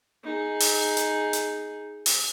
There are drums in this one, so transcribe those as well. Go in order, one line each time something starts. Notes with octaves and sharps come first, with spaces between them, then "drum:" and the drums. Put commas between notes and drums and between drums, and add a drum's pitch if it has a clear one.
D#4 G#4
drum: open hi-hat
drum: hi-hat
drum: hi-hat
drum: open hi-hat